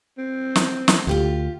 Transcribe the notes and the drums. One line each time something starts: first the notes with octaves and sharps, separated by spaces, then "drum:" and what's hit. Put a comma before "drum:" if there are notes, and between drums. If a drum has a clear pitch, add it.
C4
drum: snare
drum: snare
D2 F4 G4 F5